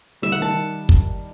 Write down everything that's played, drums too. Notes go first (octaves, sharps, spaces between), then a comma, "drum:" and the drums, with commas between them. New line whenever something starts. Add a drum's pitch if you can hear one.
G3 E5
F#5
D#3 A5
D#3
drum: kick